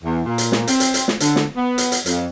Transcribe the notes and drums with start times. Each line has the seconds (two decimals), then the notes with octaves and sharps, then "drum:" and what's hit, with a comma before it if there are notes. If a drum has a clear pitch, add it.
0.03 E2
0.25 A#2
0.38 drum: hi-hat
0.52 drum: snare
0.67 C4, drum: hi-hat
0.80 drum: hi-hat
0.94 drum: hi-hat
1.08 drum: snare
1.20 D3, drum: hi-hat
1.36 drum: snare
1.56 B3
1.78 drum: hi-hat
1.92 drum: hi-hat
2.06 F2, drum: hi-hat